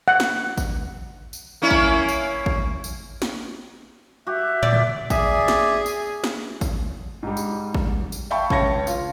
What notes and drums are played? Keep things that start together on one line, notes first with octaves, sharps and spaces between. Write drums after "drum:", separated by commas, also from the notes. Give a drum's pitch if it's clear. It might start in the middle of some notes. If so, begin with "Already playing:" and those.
F#5
drum: snare
drum: kick, tambourine
drum: tambourine
A#3 C#4 E4
drum: kick
drum: tambourine
drum: kick
drum: tambourine
drum: snare
F#4 G4 E5
A#2 D5
drum: tom C3
G#4 D5 E5, drum: kick, tambourine
drum: snare
drum: tambourine
drum: snare
drum: kick, tambourine
G#2 G3
drum: tambourine
drum: kick
drum: tambourine
E5 F5 G5 A5 B5 C#6
C#2 C#5 A5 G#6 A#6 C#7, drum: kick
F4, drum: tambourine